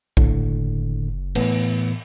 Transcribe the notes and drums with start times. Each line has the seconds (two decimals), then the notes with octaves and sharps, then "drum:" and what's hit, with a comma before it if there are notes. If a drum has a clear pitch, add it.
0.17 F#1 A2 D3, drum: kick A#1
1.35 A2 E3 B3, drum: cymbal